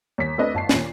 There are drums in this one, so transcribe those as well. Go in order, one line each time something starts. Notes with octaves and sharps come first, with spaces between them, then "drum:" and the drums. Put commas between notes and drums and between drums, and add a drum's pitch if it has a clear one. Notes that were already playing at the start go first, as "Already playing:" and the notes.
D#2 B6
A3 C4 D4 A4 B4 D#5
G1 A5 C7
D#2 A#2, drum: snare